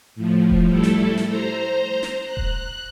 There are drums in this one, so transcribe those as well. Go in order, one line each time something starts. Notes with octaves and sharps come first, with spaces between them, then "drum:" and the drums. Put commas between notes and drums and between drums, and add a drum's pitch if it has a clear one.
A2 F3
drum: kick D#1
G3 A3 E4 A4
drum: snare
drum: snare
C5 A#5
drum: snare
F#6
drum: kick D#1